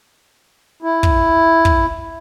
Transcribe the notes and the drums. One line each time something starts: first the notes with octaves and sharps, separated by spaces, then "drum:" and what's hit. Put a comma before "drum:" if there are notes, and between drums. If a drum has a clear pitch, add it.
E4
drum: kick
drum: kick